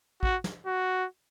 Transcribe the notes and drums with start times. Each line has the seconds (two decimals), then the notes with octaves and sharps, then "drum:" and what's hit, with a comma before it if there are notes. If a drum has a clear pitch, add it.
0.23 F#4, drum: kick
0.44 drum: snare
0.66 F#4